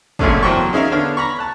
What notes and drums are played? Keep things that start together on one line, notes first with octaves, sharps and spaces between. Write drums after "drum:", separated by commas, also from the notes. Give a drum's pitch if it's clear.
F#2 A#2 C#3 A3 C#4 D4, drum: kick
E2 F#3 C5 G5 C#6
C#4 D#4 G#4 A#4 E5 F5
D3 B3 D4 C#5 F6
A#5 B5 C#6
A5 F#6